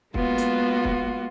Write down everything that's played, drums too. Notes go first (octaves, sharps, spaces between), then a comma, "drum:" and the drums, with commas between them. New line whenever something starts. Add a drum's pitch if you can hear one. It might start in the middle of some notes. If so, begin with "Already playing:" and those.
G#3 A#3 B3 F4 F#4, drum: kick
drum: hi-hat
drum: kick